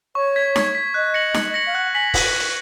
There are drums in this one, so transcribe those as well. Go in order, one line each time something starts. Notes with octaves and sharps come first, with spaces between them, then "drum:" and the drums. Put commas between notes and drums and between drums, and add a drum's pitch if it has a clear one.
C#5 C#6
G#6 B6
C#6, drum: snare D#4
G#6 B6
D#5 F#6
A#6 C#7 F#7
F#6, drum: snare D#4
A#6 C#7 F#7
F5
F#5 F#6
G#5 B6 F#7
drum: kick, open hi-hat
drum: hi-hat